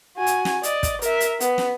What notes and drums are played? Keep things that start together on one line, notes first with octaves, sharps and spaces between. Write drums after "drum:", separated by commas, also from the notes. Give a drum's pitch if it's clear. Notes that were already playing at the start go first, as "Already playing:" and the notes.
F#4 G#5
drum: hi-hat
drum: snare
D5 D#5, drum: hi-hat
drum: kick, hi-hat
A#4 E5, drum: hi-hat
drum: hi-hat
B3, drum: hi-hat
drum: snare